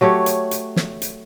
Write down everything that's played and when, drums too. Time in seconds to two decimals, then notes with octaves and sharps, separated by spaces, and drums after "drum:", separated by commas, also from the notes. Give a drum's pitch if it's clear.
0.01 F#3 A3 G4 C#5
0.26 drum: hi-hat
0.51 drum: hi-hat
0.76 drum: snare
1.02 drum: hi-hat